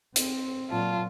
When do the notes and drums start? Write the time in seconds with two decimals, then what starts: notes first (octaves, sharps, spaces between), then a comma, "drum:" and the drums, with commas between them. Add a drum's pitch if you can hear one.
0.16 C4, drum: hi-hat
0.71 A#2 F#3 F4 A5